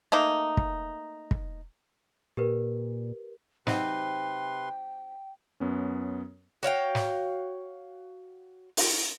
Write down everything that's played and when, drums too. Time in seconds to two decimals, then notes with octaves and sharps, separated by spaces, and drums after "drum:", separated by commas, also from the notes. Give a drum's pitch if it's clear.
0.12 A3 A#3 D#4
0.57 drum: kick
1.31 drum: kick
2.37 A#2 G4 A#4 B4
3.67 C3 F#3 C4 D#4 B4 G5 C6, drum: snare
5.60 F#2 B3 C#4
6.63 F#4 C#5 F5 G5
6.95 drum: snare
8.77 drum: open hi-hat